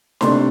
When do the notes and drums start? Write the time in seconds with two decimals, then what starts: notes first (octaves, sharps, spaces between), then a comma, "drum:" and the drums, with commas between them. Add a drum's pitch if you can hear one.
0.21 C3 A3 D4 C6, drum: snare D#4